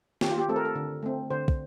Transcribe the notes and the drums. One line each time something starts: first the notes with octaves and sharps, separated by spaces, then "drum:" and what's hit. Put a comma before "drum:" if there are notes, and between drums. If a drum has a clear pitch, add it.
D#3 G4, drum: snare
F4
G4
A3 C4 A4
A#4
A4
D3
A3 C4
D3 C5
drum: kick